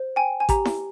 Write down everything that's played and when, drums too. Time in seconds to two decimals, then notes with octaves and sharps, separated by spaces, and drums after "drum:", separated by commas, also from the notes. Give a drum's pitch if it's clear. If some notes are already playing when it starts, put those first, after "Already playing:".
Already playing: C5
0.16 G5 G#5
0.40 G#5
0.49 G4 A#5, drum: kick, hi-hat
0.65 drum: snare E4